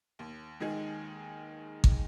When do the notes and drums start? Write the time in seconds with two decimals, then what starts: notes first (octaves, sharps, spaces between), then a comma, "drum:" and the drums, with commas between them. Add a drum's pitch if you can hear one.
0.19 D#2
0.60 D#3 G#3 D#4 G#4
1.84 drum: kick G#1